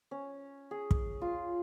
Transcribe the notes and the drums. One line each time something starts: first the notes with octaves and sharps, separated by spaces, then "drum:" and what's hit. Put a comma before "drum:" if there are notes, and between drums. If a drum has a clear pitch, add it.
C#4
G#4
drum: kick
F4